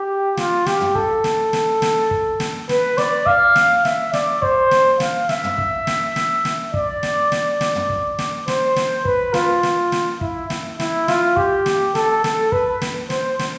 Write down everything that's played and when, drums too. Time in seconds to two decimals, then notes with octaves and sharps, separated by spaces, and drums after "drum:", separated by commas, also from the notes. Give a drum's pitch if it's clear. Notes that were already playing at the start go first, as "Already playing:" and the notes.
Already playing: G4
0.37 F4, drum: snare
0.66 G4, drum: snare
0.81 drum: tom
0.95 A4, drum: kick
1.24 drum: snare
1.53 drum: snare
1.82 drum: snare
2.11 drum: kick
2.40 drum: snare
2.69 B4, drum: snare
2.98 D5, drum: snare
3.26 F5, drum: kick
3.56 drum: snare
3.85 E5, drum: snare
4.13 D5, drum: snare
4.42 C5, drum: kick
4.71 drum: snare
5.00 F5, drum: snare
5.29 E5, drum: snare
5.44 drum: tom
5.58 drum: kick
5.87 drum: snare
6.16 drum: snare
6.45 drum: snare
6.74 D5, drum: kick
7.03 drum: snare
7.32 drum: snare
7.61 drum: snare
7.75 drum: tom
7.90 drum: kick
8.19 drum: snare
8.48 C5, drum: snare
8.76 drum: snare
9.05 B4, drum: kick
9.34 F4, drum: snare
9.63 drum: snare
9.92 drum: snare
10.21 E4, drum: kick
10.50 drum: snare
10.80 E4, drum: snare
11.08 F4, drum: snare
11.37 G4, drum: kick
11.66 drum: snare
11.95 A4, drum: snare
12.24 A4, drum: snare
12.52 B4, drum: kick
12.82 drum: snare
13.10 C5, drum: snare
13.39 drum: snare